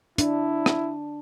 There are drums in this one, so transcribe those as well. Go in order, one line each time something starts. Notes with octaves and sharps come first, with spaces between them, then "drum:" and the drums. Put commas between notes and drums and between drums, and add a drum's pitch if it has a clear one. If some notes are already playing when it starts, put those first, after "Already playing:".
D4 E4, drum: hi-hat
drum: rim click